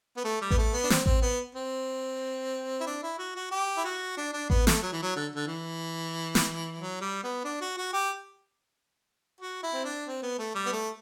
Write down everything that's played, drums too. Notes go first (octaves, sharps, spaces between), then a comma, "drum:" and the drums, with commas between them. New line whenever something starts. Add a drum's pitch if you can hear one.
B3
A3
G3
B3, drum: kick A1
A3
B3
D4
C4, drum: snare
C4, drum: kick A1
B3
C4
E4
D4
E4
F#4
F#4
G4
E4
F#4
D4
D4
B3, drum: kick A1
A3, drum: snare
F#3
E3
F#3
D3
D3
E3
drum: snare
F#3
G3
B3
D4
F#4
F#4
G4
F#4
E4
C4
D4
C4
B3
A3
G3
B3
A3